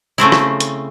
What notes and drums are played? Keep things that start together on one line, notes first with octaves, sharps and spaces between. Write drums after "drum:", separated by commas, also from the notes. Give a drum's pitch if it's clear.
C#3 A3 C4 E4
drum: rim click
drum: hi-hat